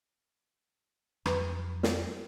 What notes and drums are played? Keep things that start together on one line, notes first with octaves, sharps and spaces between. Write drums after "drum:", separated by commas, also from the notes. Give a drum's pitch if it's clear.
F2 F#3 A#4 B4, drum: rim click
drum: snare